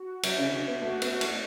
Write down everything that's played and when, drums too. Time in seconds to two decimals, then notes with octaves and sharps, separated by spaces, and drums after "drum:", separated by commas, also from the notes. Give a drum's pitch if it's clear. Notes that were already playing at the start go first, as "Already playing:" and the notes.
Already playing: F#4
0.23 F#3 E5, drum: cymbal
0.38 C#3
0.49 C#3
0.52 D3 F#4
0.68 B3
0.82 A3 F#4
1.02 B3, drum: cymbal
1.11 F#4
1.21 A3, drum: cymbal